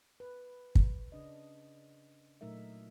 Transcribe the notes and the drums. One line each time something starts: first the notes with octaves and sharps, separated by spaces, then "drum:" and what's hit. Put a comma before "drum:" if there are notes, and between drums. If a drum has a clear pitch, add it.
B4
drum: kick
C#3 D4 D#5
A#2 F#3 A3 D#4 A#4 E5